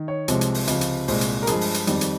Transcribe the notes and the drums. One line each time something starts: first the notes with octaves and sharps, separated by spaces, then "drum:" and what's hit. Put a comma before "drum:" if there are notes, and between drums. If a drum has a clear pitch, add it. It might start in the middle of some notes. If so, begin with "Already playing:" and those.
Already playing: D#3
C#5
C2 C3 F3 G#3, drum: hi-hat
drum: hi-hat
drum: open hi-hat
C#2 C3 F3, drum: hi-hat
drum: hi-hat
C2 A#2 G#3 C5, drum: open hi-hat
drum: hi-hat
A#4
G2 F3 G#3 G#4, drum: hi-hat
drum: open hi-hat
drum: hi-hat
F2 D#3 G3, drum: hi-hat
drum: hi-hat